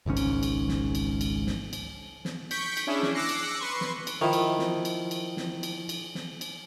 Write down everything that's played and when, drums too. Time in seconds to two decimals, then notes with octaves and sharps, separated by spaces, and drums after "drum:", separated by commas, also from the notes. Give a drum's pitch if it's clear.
0.06 G#1 C#2 G#2 C#4
0.17 drum: cymbal
0.43 drum: cymbal
0.69 drum: snare
0.95 drum: cymbal
1.21 drum: cymbal
1.47 drum: snare
1.73 drum: cymbal
2.25 drum: snare
2.51 C#6 G6 B6 D7, drum: cymbal
2.77 drum: cymbal
2.87 C#4 D4 E4 G#4
3.03 drum: snare
3.14 D6 E6 F#6 A#6 C7 C#7
3.29 drum: cymbal
3.59 B4 C6 C#6
3.81 drum: snare
4.07 drum: cymbal
4.21 D#3 F3 E4
4.33 drum: cymbal
4.59 drum: snare
4.85 drum: cymbal
5.11 drum: cymbal
5.37 drum: snare
5.63 drum: cymbal
5.89 drum: cymbal
6.15 drum: snare
6.41 drum: cymbal